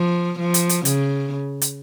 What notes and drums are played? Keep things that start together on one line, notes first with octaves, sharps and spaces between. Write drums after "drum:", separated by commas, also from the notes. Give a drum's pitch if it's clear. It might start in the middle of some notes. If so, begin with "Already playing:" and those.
Already playing: F3
F3
drum: hi-hat
drum: hi-hat
C#3, drum: hi-hat
drum: hi-hat